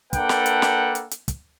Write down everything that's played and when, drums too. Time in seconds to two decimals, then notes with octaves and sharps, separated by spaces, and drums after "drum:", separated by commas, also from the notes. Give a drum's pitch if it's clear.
0.13 A#3 D4 A4 B4 F#5 G5, drum: kick, hi-hat
0.29 drum: snare
0.46 drum: hi-hat
0.62 drum: snare
0.95 drum: hi-hat
1.11 drum: hi-hat
1.28 drum: kick, hi-hat